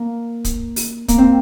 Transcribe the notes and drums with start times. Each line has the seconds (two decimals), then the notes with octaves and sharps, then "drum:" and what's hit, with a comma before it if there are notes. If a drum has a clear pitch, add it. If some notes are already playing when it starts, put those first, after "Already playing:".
Already playing: A#3
0.45 drum: kick, hi-hat
0.76 drum: open hi-hat
1.08 A#3, drum: kick, hi-hat
1.18 C4